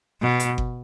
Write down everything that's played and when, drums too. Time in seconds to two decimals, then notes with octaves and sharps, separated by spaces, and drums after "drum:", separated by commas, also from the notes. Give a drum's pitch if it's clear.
0.21 B2
0.40 drum: hi-hat
0.58 drum: kick G1